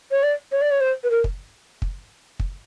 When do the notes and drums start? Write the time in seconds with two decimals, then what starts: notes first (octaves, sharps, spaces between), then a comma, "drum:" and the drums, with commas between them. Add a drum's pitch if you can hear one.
0.11 C#5
0.23 D5
0.52 C#5
0.61 D5
0.71 C#5
0.81 C5
1.03 B4
1.10 A#4
1.24 drum: kick
1.82 drum: kick
2.40 drum: kick